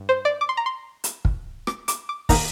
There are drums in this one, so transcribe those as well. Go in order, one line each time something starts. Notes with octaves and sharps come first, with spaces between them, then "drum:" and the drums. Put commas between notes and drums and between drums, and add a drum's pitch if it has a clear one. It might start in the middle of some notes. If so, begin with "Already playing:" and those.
Already playing: G2
C5
D5
D6
C6
A#5
C6
drum: hi-hat
drum: kick
D6, drum: rim click
D6, drum: hi-hat
D6
D#3 A#3 D#4 A#5, drum: kick, open hi-hat